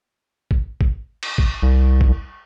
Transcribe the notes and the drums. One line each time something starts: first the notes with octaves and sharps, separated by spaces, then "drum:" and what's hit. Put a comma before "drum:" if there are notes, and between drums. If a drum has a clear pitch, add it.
drum: kick A1
drum: kick A1
drum: cymbal
drum: kick A1
C2
drum: kick A1